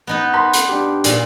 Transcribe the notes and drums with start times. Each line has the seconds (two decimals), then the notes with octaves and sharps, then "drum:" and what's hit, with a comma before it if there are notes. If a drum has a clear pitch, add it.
0.07 B3 D#4 B4
0.33 B5 C6
0.53 drum: hi-hat
0.69 D4 G4
1.04 A#2, drum: hi-hat